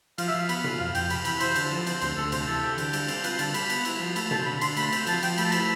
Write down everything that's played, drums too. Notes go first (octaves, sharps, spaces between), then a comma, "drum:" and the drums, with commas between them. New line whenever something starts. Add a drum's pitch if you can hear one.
F3 F5, drum: cymbal
E5
F3 F5
B3 B5, drum: cymbal
F4, drum: tom B2
F2 F5
F2 G5, drum: cymbal
C3 B5, drum: cymbal
E3 B5, drum: cymbal
E4 C5, drum: cymbal
D3, drum: cymbal
F3
C4, drum: cymbal
D2 C5, drum: cymbal
D2 A4
C3 C5, drum: cymbal
E3 A4
G4
D3, drum: cymbal
G3, drum: cymbal
C4, drum: cymbal
F4 B4, drum: cymbal
D3 A5, drum: cymbal
G3 B5, drum: cymbal
B3, drum: cymbal
E4, drum: cymbal
F3
A3 B5, drum: cymbal
C4 A5, drum: tom B2
D3 B5
D3 C6, drum: cymbal
A3 B5, drum: cymbal
C4, drum: cymbal
F3 A5, drum: cymbal
F3 G5, drum: cymbal
A3 B5, drum: cymbal
A5
E4 B5, drum: cymbal